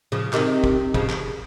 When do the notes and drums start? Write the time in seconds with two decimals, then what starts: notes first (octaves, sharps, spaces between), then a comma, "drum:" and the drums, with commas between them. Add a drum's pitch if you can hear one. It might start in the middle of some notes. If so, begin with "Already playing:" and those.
0.12 C#3 F3
0.33 C3 D#3, drum: clap
0.64 drum: kick
0.94 C#3 F3, drum: kick
1.09 drum: clap